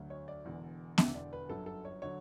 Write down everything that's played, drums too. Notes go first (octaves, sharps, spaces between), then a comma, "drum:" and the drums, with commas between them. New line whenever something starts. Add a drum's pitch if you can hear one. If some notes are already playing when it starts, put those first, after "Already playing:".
Already playing: D2 D3 F#3
C#5
D5
E1 E2 D3
E1 E2 D3 E5, drum: snare B3
D5
B4
G1 F#2 D3 F#3 A4
A4
C#5
D3 F#3 C#5